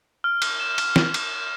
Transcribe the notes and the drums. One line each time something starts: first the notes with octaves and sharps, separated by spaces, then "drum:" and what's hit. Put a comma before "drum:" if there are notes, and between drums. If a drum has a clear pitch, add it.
F6
drum: cymbal
E7
drum: cymbal
F6, drum: snare
drum: cymbal